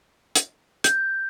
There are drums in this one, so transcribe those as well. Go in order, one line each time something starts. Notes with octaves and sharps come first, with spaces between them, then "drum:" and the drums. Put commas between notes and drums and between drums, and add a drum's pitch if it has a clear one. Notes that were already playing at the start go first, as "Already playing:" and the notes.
drum: hi-hat
G6, drum: hi-hat